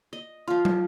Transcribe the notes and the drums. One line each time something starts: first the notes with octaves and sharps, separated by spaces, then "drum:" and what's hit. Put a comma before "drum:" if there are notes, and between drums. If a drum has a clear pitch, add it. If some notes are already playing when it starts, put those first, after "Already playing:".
D#5
F3 F4
drum: tom